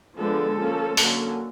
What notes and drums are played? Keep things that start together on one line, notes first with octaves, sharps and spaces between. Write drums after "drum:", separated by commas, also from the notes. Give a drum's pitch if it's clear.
D3 F3 G#3 B3 D4 A4
F3 A#3 C#4
D3 F#3 A#3 C#4, drum: open hi-hat